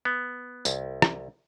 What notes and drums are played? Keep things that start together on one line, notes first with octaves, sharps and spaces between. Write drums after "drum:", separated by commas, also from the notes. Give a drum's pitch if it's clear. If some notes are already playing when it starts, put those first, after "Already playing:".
B3
C2, drum: tambourine
drum: rim click